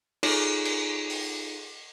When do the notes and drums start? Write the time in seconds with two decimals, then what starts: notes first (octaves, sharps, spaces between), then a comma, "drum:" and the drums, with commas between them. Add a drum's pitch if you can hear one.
0.23 D#4 F4 G#4 A4 C#5, drum: cymbal
0.65 drum: cymbal
1.10 drum: open hi-hat